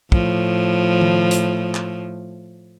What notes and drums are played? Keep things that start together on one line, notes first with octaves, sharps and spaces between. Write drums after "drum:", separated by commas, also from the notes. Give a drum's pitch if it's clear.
A2 F3, drum: kick
drum: tom D#3
drum: hi-hat
drum: clap